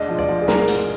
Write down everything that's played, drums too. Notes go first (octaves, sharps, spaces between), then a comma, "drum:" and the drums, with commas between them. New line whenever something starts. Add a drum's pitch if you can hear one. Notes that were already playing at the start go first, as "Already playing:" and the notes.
Already playing: G#2 G#3 D4 D#5
F3
D5
F3
G#4
G#3 A#4, drum: snare
G#2, drum: hi-hat